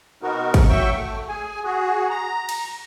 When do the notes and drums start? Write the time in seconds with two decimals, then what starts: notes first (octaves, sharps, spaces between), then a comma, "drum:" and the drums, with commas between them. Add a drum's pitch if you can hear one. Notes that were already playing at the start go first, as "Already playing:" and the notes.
0.22 B2 B3 C4 D#4 F#4 A#4
0.54 drum: kick, cymbal
0.69 F#3 E5 G5 C#6
0.97 A3
1.29 G#4 G#5
1.64 F#4 G#4
2.10 A#5
2.49 drum: cymbal